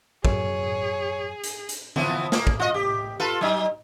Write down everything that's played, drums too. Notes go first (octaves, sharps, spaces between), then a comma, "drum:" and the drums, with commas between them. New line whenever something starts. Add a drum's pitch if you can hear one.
F#2 G#4 C#5, drum: kick
drum: hi-hat
drum: hi-hat
E3 F3 B3, drum: tom D3
A#3, drum: snare
drum: kick
F4 D#5
G4
F4 A4 B4
F#3 D#4